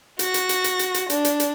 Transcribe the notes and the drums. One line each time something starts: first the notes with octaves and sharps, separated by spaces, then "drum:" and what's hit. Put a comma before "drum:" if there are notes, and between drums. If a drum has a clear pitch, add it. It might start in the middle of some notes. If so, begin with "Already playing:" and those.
F#4 A#6, drum: hi-hat
drum: hi-hat
drum: hi-hat
drum: hi-hat
drum: hi-hat
drum: hi-hat
D4, drum: hi-hat
drum: hi-hat
drum: hi-hat